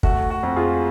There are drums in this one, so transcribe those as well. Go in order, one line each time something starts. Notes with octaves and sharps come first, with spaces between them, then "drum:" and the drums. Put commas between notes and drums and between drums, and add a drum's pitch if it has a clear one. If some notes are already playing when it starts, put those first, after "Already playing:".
A3 F#4, drum: kick
F#4
F2
F4 G#4